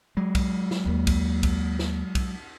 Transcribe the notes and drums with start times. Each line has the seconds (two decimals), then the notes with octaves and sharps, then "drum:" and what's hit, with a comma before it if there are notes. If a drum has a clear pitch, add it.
0.17 F#3 G#3
0.35 drum: kick B1, cymbal
0.71 drum: snare
0.85 D#2 A#3
1.07 drum: kick B1, cymbal
1.43 drum: kick B1, cymbal
1.79 drum: snare
2.15 drum: kick B1, cymbal